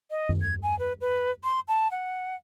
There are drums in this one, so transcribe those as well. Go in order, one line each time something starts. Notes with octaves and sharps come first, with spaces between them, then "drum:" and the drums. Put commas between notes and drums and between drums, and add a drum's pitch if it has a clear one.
D#5
drum: tom F#2
G#6
G#5
B4
B4
C6
A5
F#5